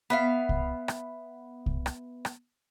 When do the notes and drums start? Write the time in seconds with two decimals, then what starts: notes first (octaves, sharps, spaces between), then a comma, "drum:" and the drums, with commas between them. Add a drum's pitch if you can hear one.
0.10 B3 E5 F5
0.49 drum: kick C2
0.88 drum: rim click
1.66 drum: kick C2
1.86 drum: rim click
2.25 drum: rim click